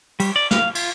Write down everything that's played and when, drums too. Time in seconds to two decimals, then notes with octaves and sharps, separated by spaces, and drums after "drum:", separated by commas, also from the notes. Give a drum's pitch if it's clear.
0.20 G3, drum: cymbal
0.36 D5
0.51 F5, drum: snare
0.75 F4, drum: cymbal